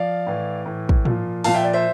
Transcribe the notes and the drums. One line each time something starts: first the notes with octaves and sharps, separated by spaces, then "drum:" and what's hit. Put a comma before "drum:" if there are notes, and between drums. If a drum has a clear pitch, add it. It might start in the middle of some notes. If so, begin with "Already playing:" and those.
Already playing: F3 D5 F5
A2 E3
A2 E3
drum: kick
A#2 F3, drum: tom
A#2 F3 F5 A5, drum: open hi-hat
E5 G5
D5
C5 E5